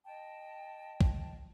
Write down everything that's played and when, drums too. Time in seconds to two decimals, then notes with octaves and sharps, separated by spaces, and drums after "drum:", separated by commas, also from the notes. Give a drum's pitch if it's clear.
0.06 D#5 G5 A5
1.01 drum: kick